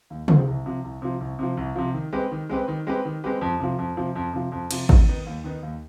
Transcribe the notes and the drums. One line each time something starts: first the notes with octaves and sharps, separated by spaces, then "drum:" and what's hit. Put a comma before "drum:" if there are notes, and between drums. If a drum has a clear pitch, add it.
D#2
D3 F3 C4 D#4, drum: tom
C2
C3 F3
C2
C3 F3
C2
C3 F3
C2
C3 F3
D#3
G#3 C4 G4 B4
D#3
G#3 C4 G4 B4
D#3
G#3 C4 G4 B4
D#3
G#3 C4 G4 B4
F2
C3 F3
F2
C3 F3
F2
C3 F3
F2
C3 F3, drum: cymbal
D#2, drum: kick
D#3 B3 D#4
D#2
D#3 B3 D#4
D#2